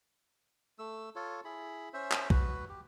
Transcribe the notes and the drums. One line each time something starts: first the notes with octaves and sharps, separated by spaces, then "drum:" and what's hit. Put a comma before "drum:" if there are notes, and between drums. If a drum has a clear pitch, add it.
A3 E6
F4 A4 C#5
E4 G#4 B5
C#4 C5 E5
drum: clap
F#4 B4, drum: kick
G4